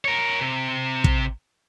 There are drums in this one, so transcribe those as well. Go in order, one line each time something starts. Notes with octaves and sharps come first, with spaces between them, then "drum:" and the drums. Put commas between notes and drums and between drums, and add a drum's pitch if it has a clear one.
A#4 C#5
C3
drum: kick